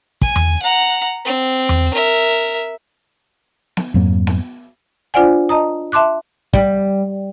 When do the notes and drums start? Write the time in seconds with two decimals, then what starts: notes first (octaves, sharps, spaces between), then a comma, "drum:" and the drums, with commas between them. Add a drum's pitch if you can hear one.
0.22 G#5, drum: kick
0.36 drum: tom E2
0.62 F#5 A#5
1.25 C4
1.69 drum: tom E2
1.94 A#4 E5
3.77 drum: snare B3
3.94 F2 G#2 F#3 A#3
4.27 drum: snare B3
5.14 D4 F4 C5 D5 F#5 G#5
5.49 D#5 A5 A#5 D#6
5.92 E5 A5 C6 D6 F#6
6.53 G3, drum: kick